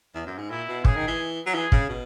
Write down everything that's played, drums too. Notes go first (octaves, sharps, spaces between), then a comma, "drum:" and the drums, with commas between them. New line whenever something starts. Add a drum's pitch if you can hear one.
E2
F#2
G#2
A#2 E4
B2
C#3 G#4, drum: kick
D#3
E3
F#3
E3 G#4
C#3, drum: kick
B2